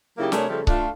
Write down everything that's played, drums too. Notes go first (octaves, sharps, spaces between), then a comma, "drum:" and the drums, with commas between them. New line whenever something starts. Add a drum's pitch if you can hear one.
C#3 F#3 A#3 D#4 E4 G4
C3 A3 D4 G#4 A#4 C#5, drum: snare
C#3 F3 G3 A3
A3 D4 F4, drum: kick C#1